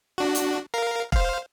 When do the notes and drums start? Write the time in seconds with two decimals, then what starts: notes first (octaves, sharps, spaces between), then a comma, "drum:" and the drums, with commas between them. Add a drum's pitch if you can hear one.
0.18 D4 F#4
0.35 drum: hi-hat
0.74 A#4 F5
1.12 C5 F5, drum: kick E1